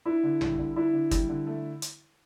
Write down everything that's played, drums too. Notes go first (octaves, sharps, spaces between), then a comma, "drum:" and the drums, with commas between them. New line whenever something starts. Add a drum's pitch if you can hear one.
D4 E4
D3
G3, drum: tom
D3
D4 E4
D3
G3, drum: kick, hi-hat
D3
A3
drum: hi-hat